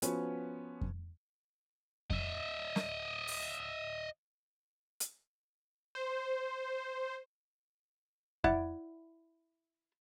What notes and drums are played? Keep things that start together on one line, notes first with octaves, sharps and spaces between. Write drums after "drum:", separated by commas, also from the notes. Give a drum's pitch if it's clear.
F3 B3 C#4 F#4 B4, drum: hi-hat
drum: kick F2
D#5 E5, drum: kick F2
drum: snare
drum: open hi-hat
drum: hi-hat
C5
E4 D5 F#5, drum: kick F2